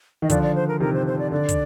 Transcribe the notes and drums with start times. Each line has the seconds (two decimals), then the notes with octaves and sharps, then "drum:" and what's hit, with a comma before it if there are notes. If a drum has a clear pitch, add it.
0.22 D#3 D#5
0.30 D3 F3 D5, drum: kick, hi-hat
0.43 D5
0.55 C5
0.68 A#4
0.80 C3 D#3 A#4
0.94 C5
1.06 C5
1.19 D5
1.32 D3 D5
1.49 drum: kick, hi-hat